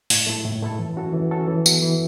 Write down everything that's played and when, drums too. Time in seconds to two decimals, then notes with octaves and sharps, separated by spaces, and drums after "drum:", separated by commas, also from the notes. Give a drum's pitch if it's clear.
0.10 A2, drum: open hi-hat
0.27 A3 E4 A4
0.45 A2
0.62 A3 E4 A4
0.79 E3
0.96 C#4 F#4 A4
1.13 E3
1.31 C#4 F#4 A4
1.48 E3
1.66 B3 F#4 A4, drum: tambourine
1.82 E3